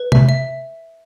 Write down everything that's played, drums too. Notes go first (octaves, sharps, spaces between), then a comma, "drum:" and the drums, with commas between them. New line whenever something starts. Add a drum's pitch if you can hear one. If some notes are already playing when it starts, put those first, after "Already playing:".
Already playing: B4
E5, drum: tom C3
E5